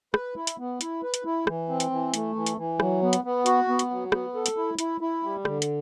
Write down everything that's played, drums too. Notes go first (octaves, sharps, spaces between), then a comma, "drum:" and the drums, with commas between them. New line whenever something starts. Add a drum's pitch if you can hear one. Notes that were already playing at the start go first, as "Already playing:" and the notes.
B4, drum: rim click
E4
drum: hi-hat
B3
E4, drum: hi-hat
B4
drum: hi-hat
E4
E3, drum: rim click
C4
drum: hi-hat
E3
A3, drum: hi-hat
E3
drum: hi-hat
E3
F#3, drum: rim click
B3
drum: hi-hat
B3
F#4, drum: hi-hat
B3
drum: hi-hat
F#3
B3, drum: rim click
A4
drum: hi-hat
E4
E4, drum: hi-hat
E4
G3
D3, drum: rim click
drum: hi-hat